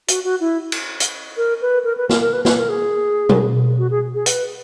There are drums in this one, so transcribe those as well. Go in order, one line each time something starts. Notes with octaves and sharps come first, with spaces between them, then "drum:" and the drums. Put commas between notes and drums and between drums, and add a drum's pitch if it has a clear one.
F#4, drum: hi-hat
F#4
E4
drum: cymbal
drum: hi-hat
A#4
B4
A#4
B4
A#4, drum: snare
A#4
B4
B4, drum: snare
A#4
G#4
drum: tom
F#4
G#4
G#4
B4, drum: hi-hat